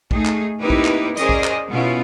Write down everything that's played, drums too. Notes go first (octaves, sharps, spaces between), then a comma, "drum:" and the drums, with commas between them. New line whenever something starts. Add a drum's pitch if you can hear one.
A3 D#4 G#4, drum: kick A#1
drum: clap
A#3 C4 D#4 E4 G4 B4
drum: kick A#1
drum: clap
C#4 G#4 A#4 C5 D5 D#5, drum: hi-hat
drum: kick A#1
drum: clap
B2 B3 C#4 E4 F4